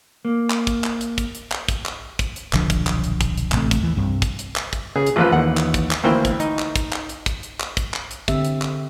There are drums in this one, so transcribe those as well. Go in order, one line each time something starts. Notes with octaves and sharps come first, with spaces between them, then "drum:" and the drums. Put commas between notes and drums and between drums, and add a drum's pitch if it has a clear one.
A#3
drum: clap
drum: kick, hi-hat
drum: clap
drum: hi-hat
drum: kick, hi-hat
drum: hi-hat
drum: clap
drum: kick, hi-hat
drum: clap
drum: kick, hi-hat
drum: hi-hat
D#1 B1 D3 F3, drum: clap
drum: kick, hi-hat
drum: clap
drum: hi-hat
drum: kick, hi-hat
drum: hi-hat
A1 C3 A3, drum: clap
drum: kick, hi-hat
D#2 E3
C2 G2 C3
drum: kick, hi-hat
drum: hi-hat
drum: clap
drum: kick, hi-hat
C#3 G#4
drum: hi-hat
A1 F3 F4 B4
D#2 E3 F#5
drum: clap
drum: kick, hi-hat
drum: clap
D2 E3 A#3 C5 G5
drum: kick, hi-hat
D#4, drum: hi-hat
drum: clap
drum: kick, hi-hat
drum: clap
drum: hi-hat
drum: kick, hi-hat
drum: hi-hat
drum: clap
drum: kick, hi-hat
drum: clap
drum: hi-hat
D3 C4 G4 E5, drum: kick, hi-hat
drum: hi-hat
drum: clap